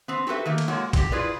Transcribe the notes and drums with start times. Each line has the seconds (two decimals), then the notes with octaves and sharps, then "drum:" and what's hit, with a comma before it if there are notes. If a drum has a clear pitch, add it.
0.08 B3 C4
0.27 F#4 G4 A4 B4 E5
0.46 D#3 A3 A#3
0.58 drum: cymbal
0.68 G#3 A#3 F#4 C#5 F#5
0.93 C4 G4, drum: kick, cymbal
1.12 E4 F4 G#4 B4 D5